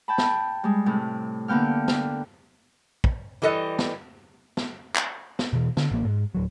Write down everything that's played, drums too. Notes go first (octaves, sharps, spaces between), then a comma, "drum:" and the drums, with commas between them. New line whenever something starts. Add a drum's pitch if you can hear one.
G5 A5 B5
drum: snare
G3 G#3
A2 C3
D3 A#3 B3 G5 F6
drum: snare
drum: kick
E3 G3 A4 D#5
drum: snare
drum: snare
drum: clap
drum: snare
B2 E3
D3, drum: snare
A1 A#3
G#2
D1 F#3